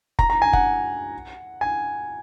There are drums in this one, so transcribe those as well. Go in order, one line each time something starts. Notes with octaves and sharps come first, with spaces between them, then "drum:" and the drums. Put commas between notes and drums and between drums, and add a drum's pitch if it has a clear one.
A#5, drum: kick F1
A#5
G#5
F#5, drum: kick F1
G#5